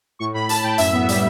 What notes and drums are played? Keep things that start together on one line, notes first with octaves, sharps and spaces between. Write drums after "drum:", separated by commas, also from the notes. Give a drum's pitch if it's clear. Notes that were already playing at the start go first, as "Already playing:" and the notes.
A2 C#6
A2 B5
A2 A5, drum: hi-hat
A2 G5
F#2 E5, drum: hi-hat
B3
G3, drum: hi-hat